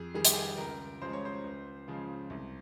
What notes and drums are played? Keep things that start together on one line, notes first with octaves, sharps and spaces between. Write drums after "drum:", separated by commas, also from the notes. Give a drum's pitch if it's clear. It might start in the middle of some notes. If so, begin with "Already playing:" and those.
Already playing: F2 G#4
D#3 G3 G#4
G4, drum: hi-hat
G#4
C#2 A#4
C#3 F3 G#3 C5
C#5
C5
C#2
C#3 F3 G#3
C2